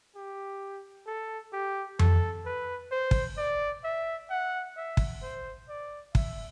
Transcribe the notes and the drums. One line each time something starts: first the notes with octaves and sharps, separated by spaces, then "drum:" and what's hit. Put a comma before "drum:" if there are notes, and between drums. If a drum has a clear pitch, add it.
G4
A4
G4
A4, drum: tom F2
B4
C5
drum: kick
D5
E5
F#5
E5
drum: kick
C5
D5
E5, drum: kick